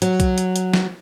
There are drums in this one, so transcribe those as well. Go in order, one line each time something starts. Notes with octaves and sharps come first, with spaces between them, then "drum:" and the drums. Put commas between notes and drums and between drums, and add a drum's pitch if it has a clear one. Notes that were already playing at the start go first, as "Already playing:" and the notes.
F#3, drum: hi-hat
drum: kick B1, hi-hat
drum: hi-hat
drum: hi-hat
drum: snare